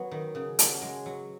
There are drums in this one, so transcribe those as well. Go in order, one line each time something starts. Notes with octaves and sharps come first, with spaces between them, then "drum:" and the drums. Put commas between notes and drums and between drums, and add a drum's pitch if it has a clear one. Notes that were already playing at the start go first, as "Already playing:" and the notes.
Already playing: F#3 B3
D#3
C#3
F#3, drum: hi-hat
G#3
F#3